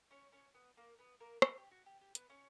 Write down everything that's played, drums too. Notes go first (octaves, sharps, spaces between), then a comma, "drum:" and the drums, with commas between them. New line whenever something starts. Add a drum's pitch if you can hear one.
C#4 C#5
C#4 C#5
B3 B4
A#3 A#4
B3 B4
A#3 A#4
A#3 A#4, drum: rim click
G4
F#4
G4
G4
B3 B4, drum: hi-hat
C#4 C#5